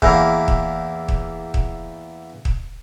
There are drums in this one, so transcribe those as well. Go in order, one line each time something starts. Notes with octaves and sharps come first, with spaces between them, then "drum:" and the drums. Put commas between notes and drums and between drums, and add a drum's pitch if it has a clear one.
E2 E3 A#3, drum: kick
drum: kick
drum: kick
drum: kick
drum: kick